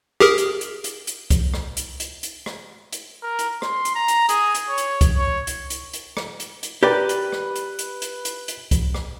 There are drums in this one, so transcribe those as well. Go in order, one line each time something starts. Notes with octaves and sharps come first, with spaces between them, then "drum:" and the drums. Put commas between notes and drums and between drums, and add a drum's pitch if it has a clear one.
G4 G#4 A#4
drum: hi-hat
drum: hi-hat
drum: hi-hat
drum: hi-hat
drum: kick C2, hi-hat
drum: rim click
drum: hi-hat
drum: hi-hat
drum: hi-hat
drum: rim click
drum: hi-hat
A#4
drum: hi-hat
C6, drum: rim click
drum: hi-hat
A#5
drum: hi-hat
G#4, drum: hi-hat
drum: hi-hat
C#5
drum: hi-hat
drum: kick C2, hi-hat
C#5
drum: hi-hat
drum: hi-hat
drum: hi-hat
drum: rim click
drum: hi-hat
drum: hi-hat
G4 A#4 B4 D5
drum: hi-hat
drum: rim click
drum: hi-hat
drum: hi-hat
drum: hi-hat
drum: hi-hat
drum: hi-hat
drum: kick C2, hi-hat
drum: rim click